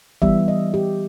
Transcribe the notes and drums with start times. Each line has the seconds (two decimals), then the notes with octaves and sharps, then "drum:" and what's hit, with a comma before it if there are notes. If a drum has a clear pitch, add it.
0.22 E3 G3 B3 E5, drum: kick
0.48 D#5
0.74 G4